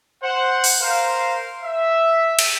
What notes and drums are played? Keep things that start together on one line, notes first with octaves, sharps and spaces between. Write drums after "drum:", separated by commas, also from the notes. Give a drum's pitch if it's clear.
C5 F#5
drum: open hi-hat
A#4 C5 F5
E5
drum: cymbal